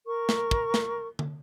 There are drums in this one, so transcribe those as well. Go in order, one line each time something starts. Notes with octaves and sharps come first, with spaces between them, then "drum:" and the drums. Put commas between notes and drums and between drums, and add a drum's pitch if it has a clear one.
A#4 C#6
drum: snare
drum: kick
drum: snare
drum: tom D3